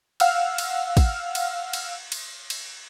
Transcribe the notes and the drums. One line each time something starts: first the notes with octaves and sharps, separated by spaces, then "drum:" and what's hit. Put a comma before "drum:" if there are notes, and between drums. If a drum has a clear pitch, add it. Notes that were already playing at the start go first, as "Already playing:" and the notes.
F5 F#5 E6 F6, drum: cymbal
drum: cymbal
drum: kick, cymbal
drum: cymbal
drum: cymbal
drum: cymbal
drum: cymbal